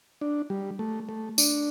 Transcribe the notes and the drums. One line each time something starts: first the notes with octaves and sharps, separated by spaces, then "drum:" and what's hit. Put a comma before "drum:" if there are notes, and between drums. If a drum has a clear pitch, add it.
D4
G3
A3
A3
D4, drum: tambourine